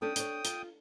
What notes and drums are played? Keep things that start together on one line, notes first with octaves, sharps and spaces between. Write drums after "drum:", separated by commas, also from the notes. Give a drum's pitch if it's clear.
C#4 D4 A4 G5 D#6
D4 C#5, drum: hi-hat
F4, drum: hi-hat